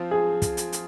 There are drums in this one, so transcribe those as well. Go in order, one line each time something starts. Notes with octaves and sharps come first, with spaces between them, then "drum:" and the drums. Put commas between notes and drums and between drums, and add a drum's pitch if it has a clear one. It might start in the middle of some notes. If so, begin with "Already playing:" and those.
Already playing: F3 C4 F4
G#4
drum: kick, hi-hat
drum: hi-hat
drum: hi-hat